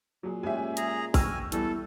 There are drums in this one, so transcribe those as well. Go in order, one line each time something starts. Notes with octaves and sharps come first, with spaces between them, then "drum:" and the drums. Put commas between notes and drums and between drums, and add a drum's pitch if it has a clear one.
A#2 F#3 G#4
G#3 C#4 G4 E5 G#5
G#4 A#5, drum: hi-hat
G5 G#5 C#6 E6 F6 A#6, drum: kick, open hi-hat
E2 E3 G3 A4, drum: hi-hat